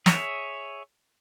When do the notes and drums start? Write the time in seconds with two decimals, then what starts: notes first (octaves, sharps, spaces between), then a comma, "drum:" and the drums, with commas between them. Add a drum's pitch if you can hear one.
0.06 G#4 C#5 E5, drum: snare